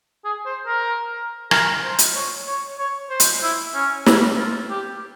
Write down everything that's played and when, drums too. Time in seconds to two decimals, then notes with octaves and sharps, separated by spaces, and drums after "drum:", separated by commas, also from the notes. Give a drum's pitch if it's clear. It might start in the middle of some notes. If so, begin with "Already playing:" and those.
0.25 G#4
0.46 C5
0.67 A#4
1.51 A#4, drum: rim click
1.83 C5
1.99 drum: hi-hat
2.15 C#5
2.47 C#5
2.79 C#5
3.10 C5
3.20 drum: hi-hat
3.43 E4
3.75 C#4
4.06 E4, drum: snare
4.38 F4
4.70 G4